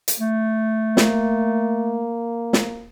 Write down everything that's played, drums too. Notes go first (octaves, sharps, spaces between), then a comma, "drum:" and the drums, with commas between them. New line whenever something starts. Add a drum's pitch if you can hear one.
drum: hi-hat
A3
A#3, drum: snare
drum: snare